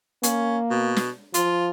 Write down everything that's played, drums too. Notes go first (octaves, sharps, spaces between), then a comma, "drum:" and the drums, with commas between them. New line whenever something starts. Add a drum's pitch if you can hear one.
A#3 C#4, drum: hi-hat
B2
drum: snare
F3 F4, drum: hi-hat